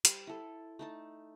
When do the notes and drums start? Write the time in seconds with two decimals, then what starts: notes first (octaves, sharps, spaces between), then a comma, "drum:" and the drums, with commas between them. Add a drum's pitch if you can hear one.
0.05 G3 C5, drum: hi-hat
0.27 E4 A4
0.79 A3 D#4 A5